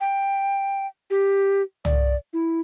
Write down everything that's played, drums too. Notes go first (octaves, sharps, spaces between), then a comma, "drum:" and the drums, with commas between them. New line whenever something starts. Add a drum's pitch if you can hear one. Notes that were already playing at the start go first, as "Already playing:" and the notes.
G5
G4
D5, drum: tom
E4